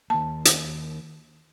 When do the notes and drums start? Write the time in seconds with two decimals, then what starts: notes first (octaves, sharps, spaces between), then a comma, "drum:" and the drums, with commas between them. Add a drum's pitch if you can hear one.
0.10 D#3 A#3 A5
0.45 drum: hi-hat